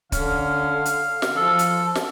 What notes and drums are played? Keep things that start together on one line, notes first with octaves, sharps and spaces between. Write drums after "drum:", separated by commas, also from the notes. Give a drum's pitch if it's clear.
D3 C#4 F5, drum: kick, hi-hat
drum: hi-hat
drum: snare
F3 A4
drum: hi-hat
drum: snare